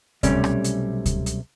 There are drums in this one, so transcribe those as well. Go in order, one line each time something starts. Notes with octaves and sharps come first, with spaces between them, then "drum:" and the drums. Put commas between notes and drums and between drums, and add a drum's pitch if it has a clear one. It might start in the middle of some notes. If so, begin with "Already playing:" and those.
B1 C3 G3 A3 C#4 D5, drum: kick C#2, hi-hat
drum: rim click
drum: hi-hat
drum: kick C#2, hi-hat
drum: hi-hat